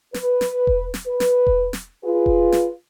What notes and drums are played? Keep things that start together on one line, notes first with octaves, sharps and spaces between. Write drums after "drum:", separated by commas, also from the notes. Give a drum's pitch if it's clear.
B4, drum: snare
drum: snare
drum: kick E1
drum: snare
B4
drum: snare
drum: kick E1
drum: snare
F4 G#4 B4
drum: kick E1
drum: snare